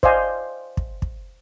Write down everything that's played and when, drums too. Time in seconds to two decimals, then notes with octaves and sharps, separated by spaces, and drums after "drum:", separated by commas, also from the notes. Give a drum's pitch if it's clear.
0.03 C5 D5 D#5 F5 G#5, drum: kick
0.77 drum: kick
1.02 drum: kick